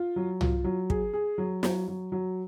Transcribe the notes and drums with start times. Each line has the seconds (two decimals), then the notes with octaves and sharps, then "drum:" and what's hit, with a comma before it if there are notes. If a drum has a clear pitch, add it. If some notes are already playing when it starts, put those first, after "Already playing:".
Already playing: F4
0.16 F#3
0.41 F4, drum: tom
0.64 F#3
0.90 G#4, drum: kick
1.13 G#4
1.38 F#3
1.63 F#3, drum: snare
1.88 F#3
2.12 F#3